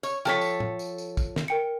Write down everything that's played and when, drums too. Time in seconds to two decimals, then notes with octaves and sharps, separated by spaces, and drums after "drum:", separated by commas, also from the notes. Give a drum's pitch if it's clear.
0.03 C#5, drum: tambourine
0.25 F3 A4 C#5 G5 B6
0.41 drum: tambourine
0.60 drum: tom
0.79 drum: tambourine
0.98 drum: tambourine
1.17 drum: kick, tambourine
1.36 drum: snare
1.48 A#4 G5 C#7